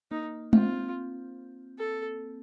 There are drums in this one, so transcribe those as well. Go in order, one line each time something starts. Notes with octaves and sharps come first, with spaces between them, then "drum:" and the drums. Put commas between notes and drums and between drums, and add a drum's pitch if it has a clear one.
A#3 D#4
C4 F4, drum: tom G#3
A4